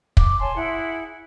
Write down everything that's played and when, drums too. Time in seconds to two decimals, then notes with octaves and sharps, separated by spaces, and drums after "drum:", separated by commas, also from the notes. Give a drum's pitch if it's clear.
0.17 D6, drum: kick
0.38 C#5 G#5 A5 C6
0.55 E4 G#4 F#5